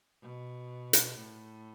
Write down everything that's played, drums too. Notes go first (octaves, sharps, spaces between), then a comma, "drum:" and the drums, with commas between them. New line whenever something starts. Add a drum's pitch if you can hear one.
B2
drum: hi-hat
A2